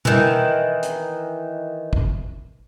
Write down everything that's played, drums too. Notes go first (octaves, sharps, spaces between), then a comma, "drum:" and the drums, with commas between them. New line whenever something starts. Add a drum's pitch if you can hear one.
D#3 E3, drum: tom B2
drum: hi-hat
drum: kick